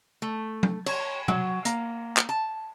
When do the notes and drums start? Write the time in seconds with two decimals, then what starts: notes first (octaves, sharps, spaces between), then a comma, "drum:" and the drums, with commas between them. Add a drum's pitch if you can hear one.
0.22 A3
0.63 drum: tom F#3
0.86 C#5, drum: cymbal
1.28 F#3, drum: tom
1.65 A#3, drum: hi-hat
2.17 drum: clap
2.29 A5